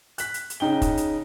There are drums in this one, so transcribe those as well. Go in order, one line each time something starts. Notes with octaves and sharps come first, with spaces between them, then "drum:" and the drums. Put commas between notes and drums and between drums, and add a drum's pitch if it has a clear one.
F#6 B6, drum: hi-hat
drum: hi-hat
drum: hi-hat
C#3 D#4 G5 G7
drum: kick, hi-hat
drum: hi-hat